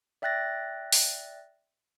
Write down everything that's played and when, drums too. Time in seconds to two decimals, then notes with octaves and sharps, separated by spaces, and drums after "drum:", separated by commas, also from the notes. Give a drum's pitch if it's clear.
0.22 D5 E5 G5 F#6 A6 A#6
0.93 drum: open hi-hat